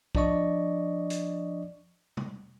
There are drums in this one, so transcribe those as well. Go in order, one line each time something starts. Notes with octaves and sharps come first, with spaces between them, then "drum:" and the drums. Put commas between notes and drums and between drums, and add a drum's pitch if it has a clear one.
F3 D4 D5 D#5 C#6, drum: kick
drum: hi-hat
drum: tom